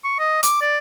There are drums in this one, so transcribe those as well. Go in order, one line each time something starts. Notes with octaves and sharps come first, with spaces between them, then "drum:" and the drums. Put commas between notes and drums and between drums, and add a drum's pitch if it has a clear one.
C#6
D#5
D6, drum: hi-hat
D5